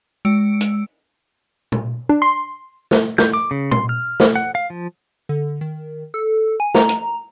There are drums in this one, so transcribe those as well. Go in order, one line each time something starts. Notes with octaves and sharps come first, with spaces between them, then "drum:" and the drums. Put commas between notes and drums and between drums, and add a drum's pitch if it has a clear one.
G#3 E6 C#7 D7
drum: hi-hat
drum: tom A#2
D4
C6
drum: snare
G6, drum: snare
D6
C#3
C6, drum: tom A#2
F6
drum: snare
F#5
F5
F3
D3
D#3
A4
G#5
A#5, drum: snare
drum: hi-hat